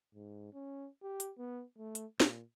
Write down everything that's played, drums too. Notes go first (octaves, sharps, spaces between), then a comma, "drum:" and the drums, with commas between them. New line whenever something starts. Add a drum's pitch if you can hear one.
G#2
C#4
G4
drum: hi-hat
B3
A3
drum: hi-hat
A#2, drum: snare